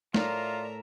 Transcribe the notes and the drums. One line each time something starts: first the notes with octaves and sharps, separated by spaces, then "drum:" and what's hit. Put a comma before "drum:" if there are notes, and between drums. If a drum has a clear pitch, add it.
A2 F4 A#4 D5 E5 A#5, drum: snare